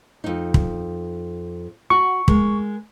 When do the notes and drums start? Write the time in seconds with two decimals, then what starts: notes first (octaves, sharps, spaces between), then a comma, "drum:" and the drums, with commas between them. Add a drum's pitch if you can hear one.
0.24 F2 D#4
0.54 drum: kick
1.90 F#4 C#6
2.28 G#3 A#4, drum: kick